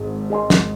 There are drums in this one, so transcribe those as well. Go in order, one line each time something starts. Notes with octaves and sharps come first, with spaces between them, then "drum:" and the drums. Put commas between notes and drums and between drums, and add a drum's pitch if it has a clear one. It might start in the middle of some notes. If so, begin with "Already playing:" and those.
Already playing: G#1 G#2 G#4
G#4 D#5 G#5 C6
drum: snare